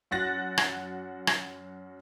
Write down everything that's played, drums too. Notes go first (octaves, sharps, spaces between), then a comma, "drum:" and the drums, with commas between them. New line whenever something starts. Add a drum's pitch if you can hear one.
F#2 F#4 F#5 F#6 A6 A#6
drum: rim click
drum: rim click